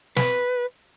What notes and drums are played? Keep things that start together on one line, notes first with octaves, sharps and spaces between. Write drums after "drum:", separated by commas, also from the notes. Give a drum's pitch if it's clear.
B4, drum: snare